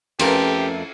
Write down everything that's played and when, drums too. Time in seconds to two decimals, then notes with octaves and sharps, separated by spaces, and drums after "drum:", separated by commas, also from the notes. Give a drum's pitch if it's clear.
0.19 F2 A3 C#4 G4 A#4 B4, drum: cymbal